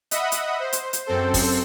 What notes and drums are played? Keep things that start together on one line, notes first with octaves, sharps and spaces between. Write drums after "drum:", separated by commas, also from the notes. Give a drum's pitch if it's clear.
D#5 E5 F#5 B5 D#6, drum: hi-hat
drum: hi-hat
C5
drum: hi-hat
drum: hi-hat
F#2 C4 A4 C5
drum: kick, open hi-hat